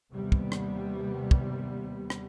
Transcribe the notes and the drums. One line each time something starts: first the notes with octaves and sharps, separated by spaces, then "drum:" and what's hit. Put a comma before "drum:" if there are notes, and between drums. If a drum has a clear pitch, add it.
D#2 C3 G3 B3
drum: kick
drum: rim click
drum: kick
drum: rim click